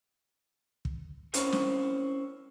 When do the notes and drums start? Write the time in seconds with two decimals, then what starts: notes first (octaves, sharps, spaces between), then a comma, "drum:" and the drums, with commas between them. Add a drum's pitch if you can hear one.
0.85 drum: kick
1.34 C4 C#4 E4 A#4 C5 C#5, drum: hi-hat
1.53 drum: snare